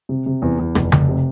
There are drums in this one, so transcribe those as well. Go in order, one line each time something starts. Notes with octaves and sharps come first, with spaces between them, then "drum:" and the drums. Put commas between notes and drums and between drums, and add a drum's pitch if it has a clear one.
C3
C3
E2
E2
F1, drum: rim click
F1, drum: tom C#3
C3